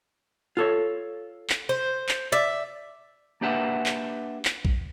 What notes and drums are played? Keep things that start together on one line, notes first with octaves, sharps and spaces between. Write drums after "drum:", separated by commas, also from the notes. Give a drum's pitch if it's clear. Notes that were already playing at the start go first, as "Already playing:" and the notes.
F4 A4 C#5
drum: clap
C5
drum: clap
D5 E5
A#3 D4 G4 B4 E5 F#5
drum: clap
drum: clap
drum: kick